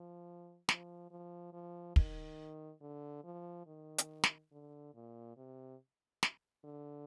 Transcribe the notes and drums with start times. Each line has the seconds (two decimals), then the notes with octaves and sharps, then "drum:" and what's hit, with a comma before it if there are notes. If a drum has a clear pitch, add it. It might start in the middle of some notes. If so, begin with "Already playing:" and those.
Already playing: F3
0.69 F3, drum: snare
1.11 F3
1.53 F3
1.96 D#3, drum: kick
2.81 D3
3.24 F3
3.66 D#3
3.98 drum: hi-hat
4.24 drum: snare
4.52 D3
4.95 A#2
5.37 C3
6.23 drum: snare
6.65 D3